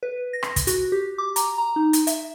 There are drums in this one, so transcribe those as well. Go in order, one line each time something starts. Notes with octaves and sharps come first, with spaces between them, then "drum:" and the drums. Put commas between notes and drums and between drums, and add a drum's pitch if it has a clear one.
B4
A#6
drum: rim click
drum: kick, hi-hat
F#4, drum: hi-hat
G4
D6
A#5, drum: hi-hat
A#5
D#4
drum: hi-hat
E5, drum: hi-hat